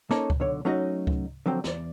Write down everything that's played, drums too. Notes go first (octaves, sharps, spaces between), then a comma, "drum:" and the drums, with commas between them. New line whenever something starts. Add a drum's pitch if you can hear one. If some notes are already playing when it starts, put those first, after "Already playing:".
A#3 C#4 D#4 A4 C#5 A#5, drum: snare
drum: kick C#2
B1 D3 C#5
F#3 A3 C#4 D#4 F#4 D#5
drum: kick C#2
D3 F3 F#3 C4 G5
E2 D5, drum: snare